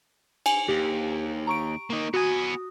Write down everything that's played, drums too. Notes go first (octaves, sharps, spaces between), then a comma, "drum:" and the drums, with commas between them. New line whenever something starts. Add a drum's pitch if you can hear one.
G#5, drum: cymbal
D#2 G4
A#5 C#6 D7
A#3 D#4
B3 F#4 G#5 D#6